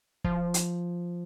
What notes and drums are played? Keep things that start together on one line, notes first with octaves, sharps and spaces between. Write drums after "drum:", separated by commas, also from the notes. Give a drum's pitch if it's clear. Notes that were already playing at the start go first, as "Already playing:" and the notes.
F3, drum: kick
drum: hi-hat